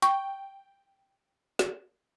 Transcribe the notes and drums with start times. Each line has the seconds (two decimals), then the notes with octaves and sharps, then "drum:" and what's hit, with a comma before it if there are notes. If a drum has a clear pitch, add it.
0.02 G5 C#6, drum: hi-hat
1.59 drum: snare